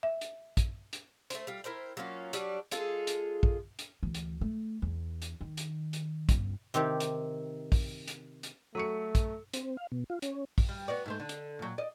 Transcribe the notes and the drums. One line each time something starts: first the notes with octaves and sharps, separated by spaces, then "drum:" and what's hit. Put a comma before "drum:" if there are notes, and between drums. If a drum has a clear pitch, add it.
E5
drum: hi-hat
drum: kick, hi-hat
drum: hi-hat
A3 C5, drum: hi-hat
G3 F4
E4 A#4 C5 G5
F#3 A#3 C#4 F4
F#3 G3 D4, drum: hi-hat
G#3 F4 G#4 A4, drum: hi-hat
drum: hi-hat
drum: kick
drum: hi-hat
D2 E3
drum: hi-hat
A3
E2
drum: hi-hat
D#3
drum: hi-hat
drum: hi-hat
G1 C#2, drum: kick, hi-hat
C3 D#3 C4 G4
drum: hi-hat
drum: kick, open hi-hat
drum: hi-hat
drum: hi-hat
F#3 A3 A4 C#6 C#7
drum: kick, hi-hat
C4, drum: hi-hat
F5
B2
F4
C#4, drum: hi-hat
drum: kick, open hi-hat
G3
B3 F#4 D5
G#2 A3 C4
D3
drum: hi-hat
A#2 F#3
D5 D#5